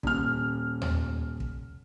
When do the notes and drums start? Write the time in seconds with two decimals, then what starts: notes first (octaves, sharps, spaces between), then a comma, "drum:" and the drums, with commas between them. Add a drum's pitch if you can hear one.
0.03 D#1 F6, drum: kick
0.82 drum: tom D#2
1.40 drum: kick